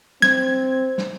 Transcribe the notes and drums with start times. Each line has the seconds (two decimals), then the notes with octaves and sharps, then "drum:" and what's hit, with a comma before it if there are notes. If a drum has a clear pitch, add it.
0.22 C4 G#6, drum: snare
0.98 drum: snare